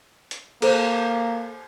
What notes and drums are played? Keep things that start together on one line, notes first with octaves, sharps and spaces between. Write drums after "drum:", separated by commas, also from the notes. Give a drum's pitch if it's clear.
drum: hi-hat
A#3 A4 C5, drum: cymbal